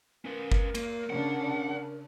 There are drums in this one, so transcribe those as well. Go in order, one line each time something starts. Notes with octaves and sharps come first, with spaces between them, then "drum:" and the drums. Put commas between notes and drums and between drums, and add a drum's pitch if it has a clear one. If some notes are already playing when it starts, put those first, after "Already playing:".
C#4 A#4 B4
drum: kick G1
A#3, drum: cymbal
C#3 D4 F#5